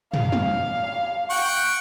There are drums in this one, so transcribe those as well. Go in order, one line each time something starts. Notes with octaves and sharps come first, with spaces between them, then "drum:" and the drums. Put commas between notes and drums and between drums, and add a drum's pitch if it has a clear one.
F5, drum: tom
drum: tom
F#5 G5 C#6